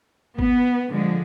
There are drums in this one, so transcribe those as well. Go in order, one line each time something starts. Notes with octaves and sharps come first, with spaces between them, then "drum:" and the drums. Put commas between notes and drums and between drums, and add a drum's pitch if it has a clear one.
B3, drum: kick G#1
D3 F3 G#3